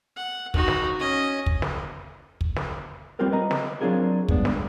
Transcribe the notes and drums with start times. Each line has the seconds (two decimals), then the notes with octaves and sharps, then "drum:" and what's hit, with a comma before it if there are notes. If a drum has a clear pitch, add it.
0.17 F#5
0.54 D#4 F#4, drum: kick
0.68 drum: snare
0.99 C#4 D#5
1.46 drum: kick
1.62 drum: snare
2.41 drum: kick
2.56 drum: snare
3.19 G3 C4 F4 G4 A#4 B4
3.32 B4 D#5 A#5
3.51 drum: snare
3.81 F#3 C4 D4 F4 G#4 A#4
4.28 G2 G#3 B3 D4, drum: kick
4.45 drum: snare